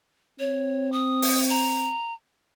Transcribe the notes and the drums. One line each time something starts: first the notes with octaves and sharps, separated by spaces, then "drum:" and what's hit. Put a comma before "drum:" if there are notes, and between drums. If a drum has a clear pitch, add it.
C4 C#5
D#6
drum: open hi-hat
A#5